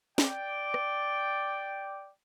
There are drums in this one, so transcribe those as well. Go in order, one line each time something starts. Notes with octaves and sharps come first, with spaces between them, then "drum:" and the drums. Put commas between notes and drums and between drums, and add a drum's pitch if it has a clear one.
D5 G5, drum: snare
drum: rim click